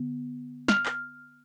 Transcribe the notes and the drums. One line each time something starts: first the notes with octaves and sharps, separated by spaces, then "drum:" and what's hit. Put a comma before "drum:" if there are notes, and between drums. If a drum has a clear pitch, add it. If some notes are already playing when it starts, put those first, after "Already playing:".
Already playing: D3 B3
F6, drum: snare
drum: clap